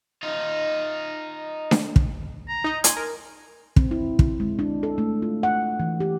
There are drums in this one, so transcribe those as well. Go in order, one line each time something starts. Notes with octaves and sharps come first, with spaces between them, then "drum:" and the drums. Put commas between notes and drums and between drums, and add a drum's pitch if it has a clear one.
D#4 F4
drum: snare D4
drum: kick
A#5
D#4 D#5
G#5 C6, drum: hi-hat
A#4
C4, drum: kick
E4
drum: kick
G#3
D4
A4
A3
F4
F#5
E3
G4